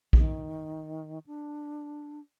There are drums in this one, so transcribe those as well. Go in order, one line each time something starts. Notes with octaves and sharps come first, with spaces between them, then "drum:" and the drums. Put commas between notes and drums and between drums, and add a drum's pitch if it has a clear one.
D#3, drum: kick A#1
D4